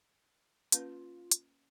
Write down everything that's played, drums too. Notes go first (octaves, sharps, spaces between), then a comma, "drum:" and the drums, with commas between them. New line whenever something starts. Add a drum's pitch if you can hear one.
A#3 C#4 F4 B4, drum: hi-hat
drum: hi-hat